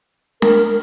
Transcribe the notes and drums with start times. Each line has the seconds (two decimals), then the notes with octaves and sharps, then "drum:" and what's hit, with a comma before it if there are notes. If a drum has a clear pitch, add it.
0.42 A#4, drum: snare D4